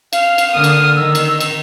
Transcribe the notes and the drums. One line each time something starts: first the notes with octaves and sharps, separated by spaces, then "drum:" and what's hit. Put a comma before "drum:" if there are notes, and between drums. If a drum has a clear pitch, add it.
F5, drum: cymbal
drum: cymbal
D3 A#3 D#6 F6
drum: cymbal
D#3 E6
drum: cymbal
drum: cymbal